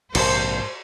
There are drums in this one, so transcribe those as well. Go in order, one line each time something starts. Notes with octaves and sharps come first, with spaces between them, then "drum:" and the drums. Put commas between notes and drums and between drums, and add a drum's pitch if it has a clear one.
A#1 G#2 C3 A#4 C5 A5, drum: cymbal